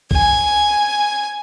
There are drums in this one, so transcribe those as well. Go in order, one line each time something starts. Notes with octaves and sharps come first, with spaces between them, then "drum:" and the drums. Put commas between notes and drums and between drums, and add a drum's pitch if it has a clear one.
G#5, drum: kick